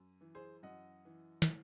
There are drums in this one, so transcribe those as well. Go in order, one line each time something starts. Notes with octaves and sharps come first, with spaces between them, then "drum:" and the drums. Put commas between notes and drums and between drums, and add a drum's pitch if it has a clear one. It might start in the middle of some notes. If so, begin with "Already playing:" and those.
Already playing: F#2
E3
G#4 C5
F#2 D#5 F#5
E3
drum: snare